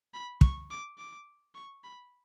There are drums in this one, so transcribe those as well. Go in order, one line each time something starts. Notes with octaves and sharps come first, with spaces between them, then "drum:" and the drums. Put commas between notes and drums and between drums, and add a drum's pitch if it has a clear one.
B5
C#6, drum: kick
D6
D6
C#6
B5